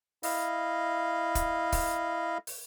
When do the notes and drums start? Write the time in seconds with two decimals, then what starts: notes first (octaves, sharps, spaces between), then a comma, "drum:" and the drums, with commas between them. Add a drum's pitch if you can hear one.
0.23 E4 D#5 F5, drum: open hi-hat
1.35 drum: kick, hi-hat
1.73 drum: kick, open hi-hat
2.47 drum: open hi-hat